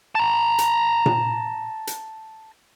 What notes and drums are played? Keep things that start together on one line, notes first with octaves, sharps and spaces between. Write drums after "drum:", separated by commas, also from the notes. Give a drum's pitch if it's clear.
A5 A#5
drum: hi-hat
drum: tom A#2
drum: hi-hat